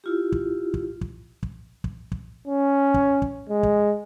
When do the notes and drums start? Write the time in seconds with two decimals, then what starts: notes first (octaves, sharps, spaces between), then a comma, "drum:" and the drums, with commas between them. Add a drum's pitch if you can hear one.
0.04 E4 F4 G4
0.32 drum: kick
0.74 drum: kick
1.01 drum: kick
1.43 drum: kick
1.84 drum: kick
2.12 drum: kick
2.48 C#4
2.94 drum: kick
3.22 drum: kick
3.49 G#3
3.63 drum: kick